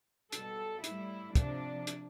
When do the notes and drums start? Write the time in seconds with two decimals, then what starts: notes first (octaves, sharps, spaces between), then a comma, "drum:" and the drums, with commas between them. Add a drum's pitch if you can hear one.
0.32 B2 G3 A4, drum: hi-hat
0.84 A2 G3 E4, drum: hi-hat
1.35 C3 F3 D4, drum: kick, hi-hat
1.87 drum: hi-hat